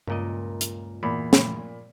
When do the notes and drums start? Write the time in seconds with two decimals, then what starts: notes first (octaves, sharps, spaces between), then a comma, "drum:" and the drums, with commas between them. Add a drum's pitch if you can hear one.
0.07 C#2 G2 A#2 A#4 D#5
0.61 drum: hi-hat
1.03 E2 A#2 B5
1.33 drum: snare